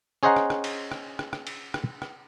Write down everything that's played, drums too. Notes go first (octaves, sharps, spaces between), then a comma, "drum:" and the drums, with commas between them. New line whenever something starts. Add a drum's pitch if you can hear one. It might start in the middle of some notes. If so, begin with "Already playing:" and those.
C#4 G#4 C5 D#5 F#5 A#5
drum: rim click
drum: rim click
drum: cymbal
drum: rim click
drum: rim click
drum: rim click
drum: cymbal
drum: rim click
drum: rim click